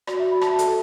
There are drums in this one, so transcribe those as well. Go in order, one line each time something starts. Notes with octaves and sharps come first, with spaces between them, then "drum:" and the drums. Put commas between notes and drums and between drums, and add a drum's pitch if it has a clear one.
F#4 D5, drum: rim click
E5
F#4
B5
F#4 A5, drum: rim click
A4, drum: hi-hat